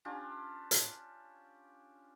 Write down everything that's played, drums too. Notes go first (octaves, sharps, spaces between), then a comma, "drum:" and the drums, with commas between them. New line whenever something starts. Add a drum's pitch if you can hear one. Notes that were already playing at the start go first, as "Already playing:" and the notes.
C#4 D4 F4 G4
drum: hi-hat